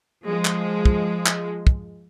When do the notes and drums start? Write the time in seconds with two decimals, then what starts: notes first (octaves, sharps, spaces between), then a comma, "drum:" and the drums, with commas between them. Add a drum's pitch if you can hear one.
0.25 F3 G#3
0.45 drum: clap
0.85 drum: kick
1.26 drum: clap
1.67 drum: kick